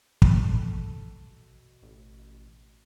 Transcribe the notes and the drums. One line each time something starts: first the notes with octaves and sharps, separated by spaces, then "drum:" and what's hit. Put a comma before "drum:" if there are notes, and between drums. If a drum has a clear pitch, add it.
A4, drum: kick
B2
A1